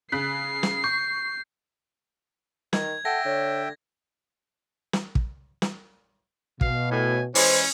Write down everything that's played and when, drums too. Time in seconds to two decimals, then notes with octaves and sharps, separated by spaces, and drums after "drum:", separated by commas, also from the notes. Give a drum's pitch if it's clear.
0.12 C#3 F#6 B6 C7
0.63 drum: snare
0.84 C#6 G6
2.73 D#3 G#6, drum: snare
3.05 A4 E5 F#5 G5 A#6
3.25 D3 C#5
4.93 drum: snare
5.15 drum: kick
5.62 drum: snare
6.61 B2 F5, drum: kick
6.91 A2 G#5
7.35 E3 G#3 C#4 C5, drum: open hi-hat